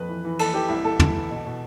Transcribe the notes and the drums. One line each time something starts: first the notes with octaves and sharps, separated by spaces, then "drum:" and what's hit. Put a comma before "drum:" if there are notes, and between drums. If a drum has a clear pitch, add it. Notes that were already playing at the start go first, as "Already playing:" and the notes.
Already playing: F2 B4
E3
E3
E3 A4, drum: cymbal
E3 G4
C2 E4
C2 A4
E3, drum: tom
E3
B2
B2